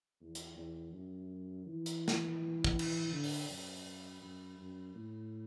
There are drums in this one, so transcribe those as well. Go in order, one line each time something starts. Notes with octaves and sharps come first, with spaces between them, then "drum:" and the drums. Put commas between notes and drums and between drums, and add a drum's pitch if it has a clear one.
E2
drum: hi-hat
E2
F#2
E3
drum: hi-hat
drum: snare
drum: kick
drum: cymbal
D3
drum: open hi-hat
F#2
F#2
F#2
A2